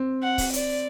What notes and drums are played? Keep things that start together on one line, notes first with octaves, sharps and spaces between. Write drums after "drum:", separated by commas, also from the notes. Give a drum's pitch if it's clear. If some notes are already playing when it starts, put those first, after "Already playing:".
Already playing: C4
F#5
drum: kick C#1, open hi-hat
D5, drum: hi-hat